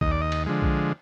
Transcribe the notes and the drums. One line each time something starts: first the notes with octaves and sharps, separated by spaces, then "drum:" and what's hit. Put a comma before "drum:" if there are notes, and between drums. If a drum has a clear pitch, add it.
D#2 D#5, drum: kick A#1
D5
D#5
drum: cymbal
D3 F3 G#3
drum: kick A#1